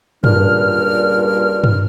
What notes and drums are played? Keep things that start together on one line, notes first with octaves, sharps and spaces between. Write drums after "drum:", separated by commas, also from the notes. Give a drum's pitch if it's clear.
C#2 G2 A#2 G3 D4 F6, drum: tom G2
drum: tom G2